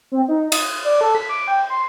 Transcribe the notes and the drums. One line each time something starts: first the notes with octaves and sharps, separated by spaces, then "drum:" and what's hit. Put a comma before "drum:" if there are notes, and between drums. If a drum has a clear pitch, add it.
C4
D#4
D#6, drum: cymbal
D5
A4
B6
D6
G5
C6